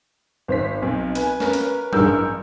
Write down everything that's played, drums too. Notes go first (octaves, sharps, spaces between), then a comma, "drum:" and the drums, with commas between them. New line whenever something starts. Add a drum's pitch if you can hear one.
G#1 C5 B6
B1 C4
B4 G#5, drum: hi-hat
C#4 A#4 B4, drum: snare
drum: hi-hat
A1 G2 G#4 A#4 E6 G6, drum: tom F#3